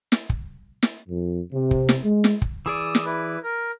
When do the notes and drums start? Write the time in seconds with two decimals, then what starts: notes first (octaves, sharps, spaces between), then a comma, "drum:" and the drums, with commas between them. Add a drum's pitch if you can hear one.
0.12 drum: snare
0.30 drum: kick
0.83 drum: snare
1.09 F2
1.53 C3
1.71 drum: kick
1.89 drum: snare
2.04 G#3
2.24 drum: snare
2.42 drum: kick
2.66 E3 G#4 D5 D#6 E6
2.95 drum: snare
3.05 E4 B4
3.43 A#4